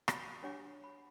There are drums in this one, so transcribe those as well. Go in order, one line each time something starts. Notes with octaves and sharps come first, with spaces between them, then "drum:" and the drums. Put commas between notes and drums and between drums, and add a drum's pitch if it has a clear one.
F#4 B5, drum: rim click
D4 G4 C#5 F#5 G#5 D6
B5